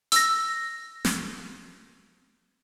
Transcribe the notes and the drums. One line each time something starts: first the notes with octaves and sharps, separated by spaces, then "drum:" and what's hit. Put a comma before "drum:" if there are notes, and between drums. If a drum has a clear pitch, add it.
E6 A#6, drum: hi-hat
drum: snare